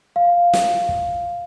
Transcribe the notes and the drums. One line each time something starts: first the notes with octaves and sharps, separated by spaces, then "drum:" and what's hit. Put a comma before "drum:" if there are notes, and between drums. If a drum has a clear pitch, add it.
F5
drum: snare
drum: kick